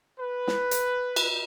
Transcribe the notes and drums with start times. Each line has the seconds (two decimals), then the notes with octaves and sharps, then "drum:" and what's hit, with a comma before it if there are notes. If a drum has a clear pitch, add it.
0.20 B4
0.47 drum: snare
0.71 drum: hi-hat
1.16 drum: cymbal